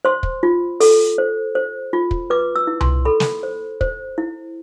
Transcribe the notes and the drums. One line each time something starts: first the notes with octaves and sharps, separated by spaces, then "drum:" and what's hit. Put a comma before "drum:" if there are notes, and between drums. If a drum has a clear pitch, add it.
C5 C6
drum: kick
F4
A4, drum: open hi-hat
C5
C5
F4
drum: kick
B4 D6
E6
E4
C6, drum: tom C2
A4 B5
drum: snare
C5
C5, drum: kick
E4